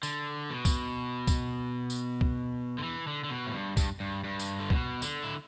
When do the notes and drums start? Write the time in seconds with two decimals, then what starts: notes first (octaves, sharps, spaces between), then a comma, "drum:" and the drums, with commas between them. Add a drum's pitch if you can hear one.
0.03 D3, drum: tambourine
0.50 B2
0.65 drum: kick, tambourine
1.27 drum: kick, tambourine
1.90 drum: tambourine
2.21 drum: kick
2.79 D3
2.83 E3
3.07 D3
3.24 D3
3.30 B2
3.47 A2
3.54 G2
3.77 G2, drum: kick, tambourine
4.00 G2
4.24 G2
4.39 drum: tambourine
4.60 D3
4.70 B2, drum: kick
5.02 D3, drum: tambourine
5.23 E4